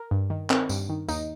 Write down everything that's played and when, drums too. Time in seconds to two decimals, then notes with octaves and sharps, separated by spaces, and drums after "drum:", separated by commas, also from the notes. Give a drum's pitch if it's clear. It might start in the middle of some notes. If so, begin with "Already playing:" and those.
Already playing: A#4
0.11 G2
0.30 D#3
0.50 D#3 C4, drum: clap
0.69 G2, drum: tambourine
0.89 D#3
1.09 D#2 D#4, drum: tambourine